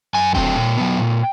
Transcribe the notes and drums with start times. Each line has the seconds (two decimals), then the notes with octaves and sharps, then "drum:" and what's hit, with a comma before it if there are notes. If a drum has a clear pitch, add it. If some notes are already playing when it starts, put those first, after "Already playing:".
0.15 F#2 G#5
0.35 D3 F#3 A3 C4 G5, drum: kick D#1
0.56 A#2
0.77 F#3 B3
0.99 A#2